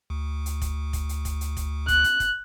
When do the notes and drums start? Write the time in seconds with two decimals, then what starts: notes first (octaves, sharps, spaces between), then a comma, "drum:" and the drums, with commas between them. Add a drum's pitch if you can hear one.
0.10 D2
0.46 drum: hi-hat
0.62 drum: kick, hi-hat
0.93 drum: kick, hi-hat
1.09 drum: hi-hat
1.25 drum: kick, hi-hat
1.41 drum: hi-hat
1.57 drum: kick, hi-hat
1.88 F#6, drum: kick, hi-hat
2.04 drum: hi-hat
2.20 drum: kick, hi-hat